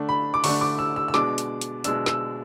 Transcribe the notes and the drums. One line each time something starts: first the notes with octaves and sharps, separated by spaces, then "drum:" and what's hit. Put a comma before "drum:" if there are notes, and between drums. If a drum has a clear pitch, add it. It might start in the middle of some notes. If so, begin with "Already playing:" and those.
Already playing: D3 A3 D4
B5
D6
D3 A3 D4 C#6, drum: open hi-hat
D6
E6
E6
E6
B2 G#3 D4 D6, drum: snare
drum: hi-hat
drum: hi-hat
B2 G#3 D4 E6, drum: hi-hat
E6, drum: snare